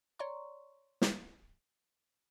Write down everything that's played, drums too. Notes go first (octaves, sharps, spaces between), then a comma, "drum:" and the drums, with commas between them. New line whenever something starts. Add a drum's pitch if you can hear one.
C#5 D5 A#5 C6 C#6
drum: snare